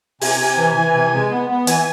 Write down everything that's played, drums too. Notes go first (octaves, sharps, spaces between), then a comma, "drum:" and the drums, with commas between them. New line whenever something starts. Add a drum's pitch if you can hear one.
C3 G#5, drum: open hi-hat
C3
E3
E3
C3
G#3
B3
B3
E3 G#5, drum: hi-hat